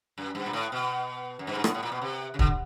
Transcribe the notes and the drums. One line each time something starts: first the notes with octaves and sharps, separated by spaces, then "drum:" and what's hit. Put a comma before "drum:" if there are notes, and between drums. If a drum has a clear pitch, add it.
F#2
G2
A#2
A2
B2
F#2
G2
G#2
A2, drum: rim click
A2
A#2
B2
C3
C#3
D3, drum: kick